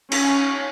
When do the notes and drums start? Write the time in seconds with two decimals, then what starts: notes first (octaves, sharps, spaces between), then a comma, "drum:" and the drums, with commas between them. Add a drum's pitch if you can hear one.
0.12 C#4, drum: cymbal